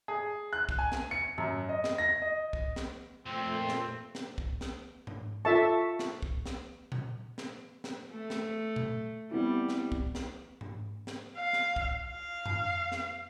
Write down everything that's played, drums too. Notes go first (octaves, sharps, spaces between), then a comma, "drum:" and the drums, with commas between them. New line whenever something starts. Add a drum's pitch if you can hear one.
G#4
F#6
drum: kick
G#5
drum: snare
C#7
F#2, drum: tom G#2
D#5
drum: snare
A#6
D#5
drum: kick
drum: snare
F2 A#2 A3 C4
drum: snare
drum: snare
drum: kick
drum: snare
drum: tom G#2
F4 A4 E5 A5 C#6
drum: snare
drum: kick
drum: snare
drum: tom A#2
drum: snare
drum: snare
A3
drum: snare
drum: tom A#2
G3 B3 C4 E4
drum: snare
drum: kick
drum: snare
drum: tom G#2
drum: snare
F5
drum: snare
drum: kick
F5
drum: tom F2
drum: snare